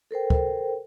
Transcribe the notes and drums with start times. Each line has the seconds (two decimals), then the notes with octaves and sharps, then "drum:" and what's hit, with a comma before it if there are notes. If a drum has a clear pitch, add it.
0.11 A4 A#4 C5 G5
0.30 drum: kick